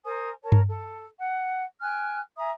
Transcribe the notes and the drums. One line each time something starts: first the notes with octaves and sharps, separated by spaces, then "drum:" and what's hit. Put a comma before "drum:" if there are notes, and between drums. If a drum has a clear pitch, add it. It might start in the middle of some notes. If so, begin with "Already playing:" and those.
A#4 C5 G#5 D#6
A#4 C#5 A5
drum: tom G2
A4
F#5
G5 G#5 F6 F#6
E5 G#5 A#5 D#6